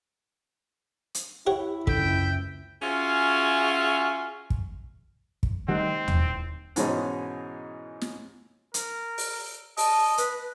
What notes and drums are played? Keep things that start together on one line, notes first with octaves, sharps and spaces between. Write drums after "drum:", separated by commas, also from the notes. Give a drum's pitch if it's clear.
drum: hi-hat
E4 G4 C#5 F#5
F#1 C#2 D3 E5 G5, drum: kick
C#4 F4 F#4 G#4 E5
drum: kick
drum: kick
D#3 G3 A3 C4 D#4 G4 F#5
D1, drum: tom D#2
G#2 B2 E3 G#3 C#4 D#4, drum: hi-hat
drum: snare
A#4, drum: hi-hat
drum: open hi-hat
D#5 A5, drum: open hi-hat
B4, drum: hi-hat